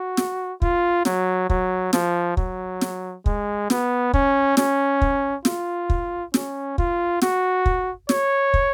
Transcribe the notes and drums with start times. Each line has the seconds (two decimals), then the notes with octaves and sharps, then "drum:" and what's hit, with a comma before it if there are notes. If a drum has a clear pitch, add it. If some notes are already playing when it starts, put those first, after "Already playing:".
Already playing: F#4
0.17 drum: snare
0.62 F4, drum: kick
1.05 F#3, drum: snare
1.50 F#3, drum: kick
1.93 F3, drum: snare
2.37 F#3, drum: kick
2.81 drum: snare
3.26 G#3, drum: kick
3.70 B3, drum: snare
4.13 C#4, drum: kick
4.57 C#4, drum: snare
5.02 drum: kick
5.45 F4, drum: snare
5.90 drum: kick
6.34 C#4, drum: snare
6.78 F4, drum: kick
7.22 F#4, drum: snare
7.66 drum: kick
8.09 C#5, drum: snare
8.54 drum: kick